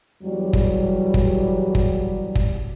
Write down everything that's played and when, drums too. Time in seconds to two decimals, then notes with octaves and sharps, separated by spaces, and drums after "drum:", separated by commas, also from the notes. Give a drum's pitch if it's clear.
0.23 E2 F#3 G3
0.53 drum: kick
1.14 drum: kick
1.75 drum: kick
2.35 drum: kick